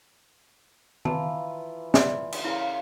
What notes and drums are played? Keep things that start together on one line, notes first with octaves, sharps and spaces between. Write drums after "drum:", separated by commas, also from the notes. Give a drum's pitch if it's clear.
E3 F4 A5 A#5, drum: tom D#3
D5 E5 C6, drum: snare
drum: cymbal
C#3 E4 F4 A#4